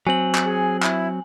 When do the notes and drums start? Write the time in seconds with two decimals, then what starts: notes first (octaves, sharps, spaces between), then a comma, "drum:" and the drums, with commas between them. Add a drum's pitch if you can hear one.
0.07 F#3 C4 G#5 F#7
0.35 drum: clap
0.45 G#4
0.83 E4, drum: clap